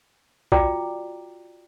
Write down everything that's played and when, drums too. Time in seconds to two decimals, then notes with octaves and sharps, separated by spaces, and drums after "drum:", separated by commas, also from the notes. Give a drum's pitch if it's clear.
0.52 F4 F#4 D5 G5 A#5 D6, drum: kick B1